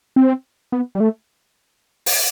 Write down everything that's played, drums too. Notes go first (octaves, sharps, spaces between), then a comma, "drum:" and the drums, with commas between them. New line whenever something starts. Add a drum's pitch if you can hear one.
C4
B3
G3
A3
drum: open hi-hat